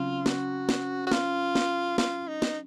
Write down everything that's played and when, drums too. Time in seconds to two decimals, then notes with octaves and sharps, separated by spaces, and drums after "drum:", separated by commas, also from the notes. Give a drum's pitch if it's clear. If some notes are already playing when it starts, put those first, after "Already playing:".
Already playing: C#3 F#3 C4 F4
0.26 F#4, drum: snare
0.69 drum: snare
1.07 F#4
1.11 F4, drum: snare
1.55 drum: snare
1.98 F4, drum: snare
2.28 D#4
2.42 drum: snare